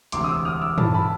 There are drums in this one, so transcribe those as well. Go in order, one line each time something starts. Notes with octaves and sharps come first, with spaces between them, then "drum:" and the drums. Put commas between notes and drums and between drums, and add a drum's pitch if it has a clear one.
E1 D2 C3 C6 D6, drum: hi-hat
D#6
D6 E6
D#6 F6
D6 E6
A5 B5, drum: tom
A5 B5